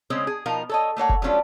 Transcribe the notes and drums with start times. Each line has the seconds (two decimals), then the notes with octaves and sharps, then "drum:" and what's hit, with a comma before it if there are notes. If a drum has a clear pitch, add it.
0.10 C#3 G#3 C4 C#4
0.27 G#4
0.46 B2 F3 D#4 A#4 F5
0.69 A4 C#5 D#5
0.97 A3 A#3 C#5 F#5
1.09 drum: kick F1
1.22 F#3 G3 A3 C#4 D4 F4